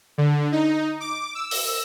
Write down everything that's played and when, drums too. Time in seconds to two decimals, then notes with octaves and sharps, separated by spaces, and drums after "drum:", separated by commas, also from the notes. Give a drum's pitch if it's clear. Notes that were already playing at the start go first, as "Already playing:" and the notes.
0.18 D3
0.52 D#4
1.00 D6
1.35 E6
1.51 drum: open hi-hat